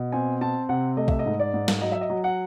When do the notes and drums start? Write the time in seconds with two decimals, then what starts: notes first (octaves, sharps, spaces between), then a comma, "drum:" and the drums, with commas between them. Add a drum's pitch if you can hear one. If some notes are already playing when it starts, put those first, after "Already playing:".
Already playing: B2
0.12 C4 G#5
0.41 C4 A5
0.69 C3 F#5
0.97 A3 D#5
1.08 E5, drum: kick B1
1.19 D#5
1.25 G#2
1.39 D5
1.54 G#2
1.68 drum: snare
1.81 F#3 D#5
1.92 E5
2.01 D#5
2.10 F#3
2.24 F#5